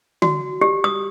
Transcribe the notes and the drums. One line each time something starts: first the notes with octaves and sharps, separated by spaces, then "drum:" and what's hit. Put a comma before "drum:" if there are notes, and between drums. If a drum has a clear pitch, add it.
F#4, drum: tom D3
G4
D#6